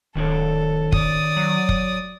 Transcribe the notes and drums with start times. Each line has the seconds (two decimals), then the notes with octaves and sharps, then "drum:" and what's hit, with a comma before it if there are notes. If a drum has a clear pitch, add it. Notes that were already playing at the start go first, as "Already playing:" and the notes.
0.16 D1 D#3 D4 A4 C#5
0.92 D5 D#6, drum: kick
1.37 F#3
1.69 drum: kick